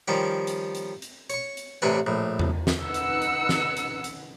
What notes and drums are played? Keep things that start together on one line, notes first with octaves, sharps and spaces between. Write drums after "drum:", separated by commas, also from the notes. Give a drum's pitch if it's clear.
D#3 F3 G3 C#4 G4
drum: hi-hat
drum: hi-hat
drum: hi-hat
C#5 C#6, drum: hi-hat
drum: hi-hat
A1 C3 C#4 D4 B4 G#5
A#1 A2
drum: tom E2
drum: snare
D#4 B4 F#5 E6 C#7
drum: hi-hat
drum: hi-hat
drum: snare
drum: hi-hat
drum: hi-hat